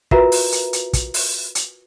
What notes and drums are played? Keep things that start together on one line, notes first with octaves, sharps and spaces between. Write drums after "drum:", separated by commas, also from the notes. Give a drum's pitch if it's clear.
F4 F#4 A#4 B4 E5 A#5, drum: kick
drum: open hi-hat
drum: hi-hat
drum: hi-hat
drum: kick, hi-hat
drum: open hi-hat
drum: hi-hat